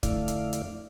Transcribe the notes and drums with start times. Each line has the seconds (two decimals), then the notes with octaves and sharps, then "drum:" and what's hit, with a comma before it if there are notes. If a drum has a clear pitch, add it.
0.03 F2 D3 A3 E4 D5 F5, drum: kick C#1, hi-hat
0.28 drum: hi-hat
0.53 drum: hi-hat